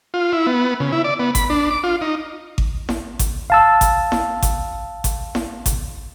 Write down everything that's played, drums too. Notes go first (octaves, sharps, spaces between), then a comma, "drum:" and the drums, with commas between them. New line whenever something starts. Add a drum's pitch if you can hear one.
F4
E4
B3
C#3
E4
D5
B3
B5, drum: kick G#1, hi-hat
D4
D6
F4
D#4
drum: kick G#1
drum: snare E4
drum: kick G#1, hi-hat
F5 A5 E6
drum: kick G#1, hi-hat
drum: snare E4
drum: kick G#1, hi-hat
drum: kick G#1, hi-hat
drum: snare E4
drum: kick G#1, hi-hat